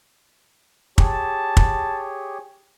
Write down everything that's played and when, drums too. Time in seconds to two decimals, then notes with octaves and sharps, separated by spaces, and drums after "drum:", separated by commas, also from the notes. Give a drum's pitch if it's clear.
0.98 G4 G#4 C#5 A5, drum: kick
1.57 drum: kick